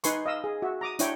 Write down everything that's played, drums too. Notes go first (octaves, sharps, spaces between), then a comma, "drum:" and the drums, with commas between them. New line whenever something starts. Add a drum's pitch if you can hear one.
D#4 B4 G#5 C6 C#6, drum: hi-hat
D#5 F5 E6
G#4
F#4 E5
A#5 D6 D#6
D4 E4 C#5 G5, drum: hi-hat